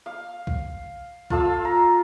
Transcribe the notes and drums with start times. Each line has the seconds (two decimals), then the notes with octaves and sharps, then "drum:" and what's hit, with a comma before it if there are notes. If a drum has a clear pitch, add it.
0.06 F5
0.47 drum: kick B1
1.30 F4 A4 F5 E6, drum: kick B1
1.65 A#5